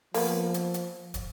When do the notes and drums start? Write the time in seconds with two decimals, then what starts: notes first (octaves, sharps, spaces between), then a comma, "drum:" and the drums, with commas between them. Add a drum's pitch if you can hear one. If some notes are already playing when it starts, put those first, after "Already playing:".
0.14 F3 A#3 B3, drum: open hi-hat
0.54 drum: hi-hat
0.74 drum: hi-hat
1.14 drum: kick, hi-hat